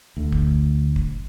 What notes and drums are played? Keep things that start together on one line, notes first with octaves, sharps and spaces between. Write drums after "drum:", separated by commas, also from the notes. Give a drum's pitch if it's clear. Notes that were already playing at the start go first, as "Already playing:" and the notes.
D2
drum: kick
drum: kick